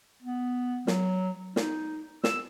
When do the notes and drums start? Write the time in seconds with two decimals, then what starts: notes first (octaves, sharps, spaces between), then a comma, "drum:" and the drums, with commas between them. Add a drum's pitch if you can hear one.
0.22 B3
0.87 F#3, drum: snare
1.56 D#4, drum: snare
2.24 E6, drum: snare